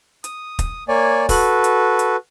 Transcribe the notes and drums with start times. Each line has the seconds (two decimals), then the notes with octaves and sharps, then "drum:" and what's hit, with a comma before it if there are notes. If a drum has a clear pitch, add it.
0.24 D#6, drum: hi-hat
0.59 drum: kick, hi-hat
0.88 A#3 C#5 D5 G#5
1.29 F#4 A4 B4, drum: kick, open hi-hat
1.64 drum: hi-hat
1.99 drum: hi-hat